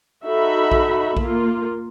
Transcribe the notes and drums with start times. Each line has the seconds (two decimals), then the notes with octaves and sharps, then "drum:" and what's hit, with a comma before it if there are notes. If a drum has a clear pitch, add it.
0.25 D#4 F#4 A4 E5 B5
0.72 drum: kick A#1
1.17 A#3 F4, drum: kick A#1